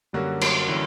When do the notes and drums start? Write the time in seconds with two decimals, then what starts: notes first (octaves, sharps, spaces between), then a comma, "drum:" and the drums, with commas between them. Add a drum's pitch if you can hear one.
0.13 F#2 D3 G3 A#3 C#4 F#4
0.41 F#3, drum: cymbal
0.68 D3 E3 A#3 C#4 F#4